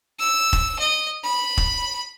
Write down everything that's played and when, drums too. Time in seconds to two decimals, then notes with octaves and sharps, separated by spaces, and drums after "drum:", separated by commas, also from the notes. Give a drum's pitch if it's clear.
0.19 E6
0.53 drum: kick
0.79 D#5
1.24 B5
1.57 drum: kick